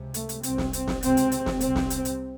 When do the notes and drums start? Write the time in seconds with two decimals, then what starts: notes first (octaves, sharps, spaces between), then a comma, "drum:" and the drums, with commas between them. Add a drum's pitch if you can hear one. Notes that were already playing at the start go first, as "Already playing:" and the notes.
Already playing: C#2 C3
0.14 A3, drum: hi-hat
0.29 drum: hi-hat
0.43 C2 C3 C4, drum: hi-hat
0.58 drum: snare
0.73 C4, drum: hi-hat
0.88 drum: snare
1.03 C#2 C3 C4, drum: hi-hat
1.17 drum: hi-hat
1.32 drum: hi-hat
1.46 drum: snare
1.61 C2 C3 C4, drum: hi-hat
1.76 drum: snare
1.90 drum: hi-hat
2.05 drum: hi-hat